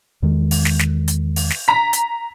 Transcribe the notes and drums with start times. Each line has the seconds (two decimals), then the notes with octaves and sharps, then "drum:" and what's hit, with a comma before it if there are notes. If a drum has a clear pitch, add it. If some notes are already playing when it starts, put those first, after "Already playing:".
0.22 E2 D#3 G#3
0.51 drum: open hi-hat
0.65 drum: snare
0.79 drum: snare
1.08 drum: hi-hat
1.36 drum: open hi-hat
1.50 drum: snare
1.68 A#5 B6
1.93 drum: hi-hat